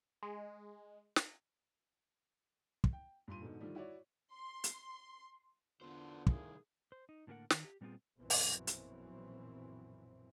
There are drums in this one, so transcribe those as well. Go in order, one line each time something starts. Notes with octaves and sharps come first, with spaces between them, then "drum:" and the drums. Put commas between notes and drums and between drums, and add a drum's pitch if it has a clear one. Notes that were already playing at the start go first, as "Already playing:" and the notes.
G#3
drum: snare
drum: kick
G5
G2 A#2 C6 D#7
G#2 B2 D3
D3 D#3 F3 G3 A3
E4 F#4 C#5 D5
C6
drum: hi-hat
E2 D3 B3 D4 F4 C5
C2 A2 D#3 A#3 G#4, drum: kick
C5
D#4
A2 D3 A#3 G4 A#4 F#5
D#3, drum: snare
G4
A#2 G3 B3 C4 F4 G#4
A#1 F#2 B2 E3 F#3 C4
drum: open hi-hat
drum: hi-hat